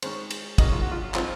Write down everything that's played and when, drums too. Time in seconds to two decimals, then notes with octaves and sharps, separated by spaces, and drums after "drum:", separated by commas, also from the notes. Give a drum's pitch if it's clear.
0.02 D#3 G#3 C#4 C5, drum: cymbal
0.30 drum: cymbal
0.58 D#3 F#3 A#3 C#4 D#5, drum: kick, cymbal
0.72 F4
0.82 F#4
0.92 F4
1.14 F3 C4 D#4 F4, drum: clap